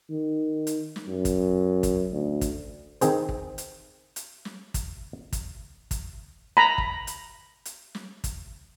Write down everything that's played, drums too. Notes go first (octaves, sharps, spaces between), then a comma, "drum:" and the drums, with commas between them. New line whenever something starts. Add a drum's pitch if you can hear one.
D#3
drum: hi-hat
drum: snare
F#2
drum: kick, hi-hat
drum: kick, hi-hat
D2
drum: kick, hi-hat
D#3 C4 G#4 C5, drum: hi-hat
drum: kick
drum: hi-hat
drum: hi-hat
drum: snare
drum: kick, hi-hat
drum: kick, hi-hat
drum: kick, hi-hat
A#5 B5
drum: kick
drum: hi-hat
drum: hi-hat
drum: snare
drum: kick, hi-hat